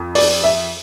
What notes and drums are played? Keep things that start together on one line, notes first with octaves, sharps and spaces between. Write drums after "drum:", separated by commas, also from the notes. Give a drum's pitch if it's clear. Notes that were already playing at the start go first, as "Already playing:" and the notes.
Already playing: F2
D5, drum: open hi-hat
E5